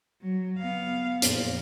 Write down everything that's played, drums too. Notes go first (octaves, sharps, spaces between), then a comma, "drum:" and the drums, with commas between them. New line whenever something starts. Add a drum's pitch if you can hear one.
F#3
B3 F5
F2 A#2, drum: hi-hat